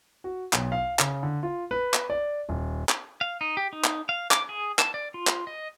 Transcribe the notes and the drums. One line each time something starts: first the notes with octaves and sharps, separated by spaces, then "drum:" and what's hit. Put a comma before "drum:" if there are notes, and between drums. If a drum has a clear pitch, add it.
F#4
B1, drum: clap
F5
C#3, drum: clap
D3
F4
B4
drum: clap
D5
D#1
drum: clap
F5
D#4
G4
D#4
drum: clap
F5
D6, drum: clap
G#4
A5, drum: clap
D5
F4
drum: clap
D#5